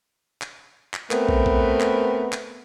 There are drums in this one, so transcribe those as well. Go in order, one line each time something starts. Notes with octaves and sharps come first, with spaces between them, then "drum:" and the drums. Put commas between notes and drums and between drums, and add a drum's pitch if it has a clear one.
drum: clap
drum: clap
A3 B3 C4 A#4 B4, drum: clap
drum: kick
drum: kick
drum: clap
drum: clap